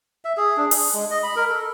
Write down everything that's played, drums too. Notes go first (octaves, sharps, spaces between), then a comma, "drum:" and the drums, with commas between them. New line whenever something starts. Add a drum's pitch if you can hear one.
E5
G#4
D4
G#4, drum: open hi-hat
G#3
D#5
B5
A#4
A4